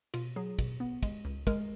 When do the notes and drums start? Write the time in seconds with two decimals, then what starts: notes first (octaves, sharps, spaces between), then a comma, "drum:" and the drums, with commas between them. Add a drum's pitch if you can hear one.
0.14 B2 F4, drum: cymbal
0.36 F#3 G#4
0.59 B2, drum: kick, cymbal
0.80 B3
1.03 G#3, drum: kick, cymbal
1.25 C#2
1.47 G#3 A#4, drum: kick, cymbal